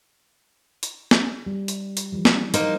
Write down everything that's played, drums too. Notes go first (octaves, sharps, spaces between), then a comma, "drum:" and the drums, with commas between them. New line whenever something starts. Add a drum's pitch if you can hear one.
drum: hi-hat
drum: snare
G3
drum: hi-hat
drum: hi-hat
E3 F3 G3
drum: snare
A#3 D#4 C5, drum: hi-hat